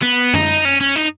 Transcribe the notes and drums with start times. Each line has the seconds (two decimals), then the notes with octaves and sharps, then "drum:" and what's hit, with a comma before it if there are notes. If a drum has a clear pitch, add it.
0.02 B3
0.34 D#4, drum: tom
0.65 C#4
0.81 C#4
0.96 D#4